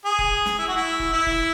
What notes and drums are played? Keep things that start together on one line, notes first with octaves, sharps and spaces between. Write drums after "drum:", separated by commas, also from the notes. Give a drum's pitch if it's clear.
G#4
drum: kick E1
drum: snare
E4
F#4
E4
drum: kick E1
E4
drum: kick E1